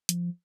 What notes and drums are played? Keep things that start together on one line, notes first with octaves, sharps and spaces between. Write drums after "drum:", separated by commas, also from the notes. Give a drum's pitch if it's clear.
F3, drum: hi-hat